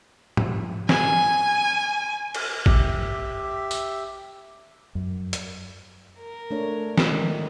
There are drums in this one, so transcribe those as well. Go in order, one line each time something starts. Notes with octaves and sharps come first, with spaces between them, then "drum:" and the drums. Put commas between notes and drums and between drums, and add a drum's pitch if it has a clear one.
drum: tom A2
G#5, drum: snare
drum: cymbal
G4 E5, drum: kick
drum: tambourine
F#2
drum: hi-hat
A#4
A3 D4 C#5
D#3 G#3, drum: snare